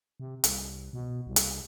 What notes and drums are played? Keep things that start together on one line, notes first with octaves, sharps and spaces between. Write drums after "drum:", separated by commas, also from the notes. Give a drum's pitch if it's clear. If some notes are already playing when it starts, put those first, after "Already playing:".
C3
C2, drum: hi-hat
B2
C2
drum: hi-hat